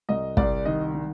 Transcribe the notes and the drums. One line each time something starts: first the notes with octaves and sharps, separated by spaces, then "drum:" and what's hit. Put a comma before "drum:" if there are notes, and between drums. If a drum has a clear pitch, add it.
C2 D#5
C2 D5, drum: kick
D#3 D#5
D#3